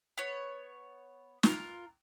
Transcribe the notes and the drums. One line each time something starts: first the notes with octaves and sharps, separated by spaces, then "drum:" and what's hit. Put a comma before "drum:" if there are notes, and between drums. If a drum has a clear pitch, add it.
B3 C#5
F4 A#4, drum: snare